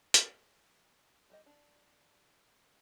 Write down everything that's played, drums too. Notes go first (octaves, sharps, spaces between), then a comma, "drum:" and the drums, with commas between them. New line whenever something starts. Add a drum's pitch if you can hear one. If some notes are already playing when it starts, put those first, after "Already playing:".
G#3 G5, drum: hi-hat
G3 G4 D#5
D4